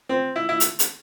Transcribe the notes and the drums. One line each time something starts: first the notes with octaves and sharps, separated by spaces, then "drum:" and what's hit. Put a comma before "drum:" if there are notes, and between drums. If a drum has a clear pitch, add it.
C4
E4
E4
drum: hi-hat
drum: hi-hat